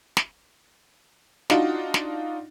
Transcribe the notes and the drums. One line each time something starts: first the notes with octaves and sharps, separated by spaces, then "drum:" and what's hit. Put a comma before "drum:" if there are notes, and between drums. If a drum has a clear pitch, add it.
drum: snare
D4 D#4 F4 F#4, drum: snare
drum: snare